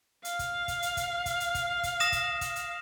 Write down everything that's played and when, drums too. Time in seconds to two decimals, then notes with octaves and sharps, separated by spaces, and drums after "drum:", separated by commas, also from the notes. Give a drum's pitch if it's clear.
0.25 F5, drum: hi-hat
0.39 drum: kick, hi-hat
0.68 drum: kick, hi-hat
0.82 drum: hi-hat
0.97 drum: kick, hi-hat
1.26 drum: kick, hi-hat
1.40 drum: hi-hat
1.55 drum: kick, hi-hat
1.83 drum: kick, hi-hat
2.00 D#6 A#6 E7, drum: hi-hat
2.12 drum: kick, hi-hat
2.41 drum: kick, hi-hat
2.56 drum: hi-hat